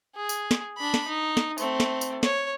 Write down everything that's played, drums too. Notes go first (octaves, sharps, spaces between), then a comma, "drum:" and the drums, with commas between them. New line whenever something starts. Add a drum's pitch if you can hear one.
G#4
drum: tambourine
drum: snare
D4 B5
drum: snare
D#4
drum: snare
A3 C4, drum: tambourine
drum: snare
drum: tambourine
C#5, drum: snare